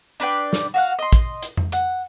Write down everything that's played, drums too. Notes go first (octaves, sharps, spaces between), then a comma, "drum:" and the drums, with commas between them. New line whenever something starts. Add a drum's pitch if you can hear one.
D4 B4 D5 G5
drum: snare
F#4 F5 F#5
D#5 C6
drum: kick, hi-hat
drum: hi-hat
drum: tom F2
F#5, drum: hi-hat